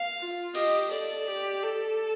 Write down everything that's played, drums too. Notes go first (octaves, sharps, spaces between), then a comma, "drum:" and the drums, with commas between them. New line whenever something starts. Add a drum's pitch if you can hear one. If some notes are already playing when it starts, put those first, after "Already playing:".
Already playing: F5
F4
G4 D#5, drum: cymbal
A4 D5
G4
A4